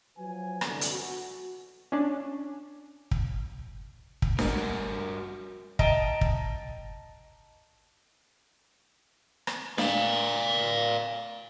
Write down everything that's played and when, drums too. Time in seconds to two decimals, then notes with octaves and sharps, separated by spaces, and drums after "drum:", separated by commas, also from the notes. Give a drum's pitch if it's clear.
0.16 F3 F#3 B4 G#5
0.61 C2 G2 B2 D3, drum: rim click
0.81 drum: hi-hat
0.90 F#4
1.92 C#4 D4
3.11 drum: kick
4.22 drum: kick
4.39 G3 F#4 A#4, drum: snare D4
5.79 D#5 G5 A5 A#5, drum: kick
6.21 drum: kick
9.47 drum: rim click
9.78 D5 F5, drum: snare D4